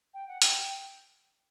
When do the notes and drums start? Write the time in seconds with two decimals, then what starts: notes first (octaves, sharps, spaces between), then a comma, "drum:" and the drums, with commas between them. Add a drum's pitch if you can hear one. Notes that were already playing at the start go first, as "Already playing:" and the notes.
0.14 G5
0.28 F#5
0.42 G5, drum: hi-hat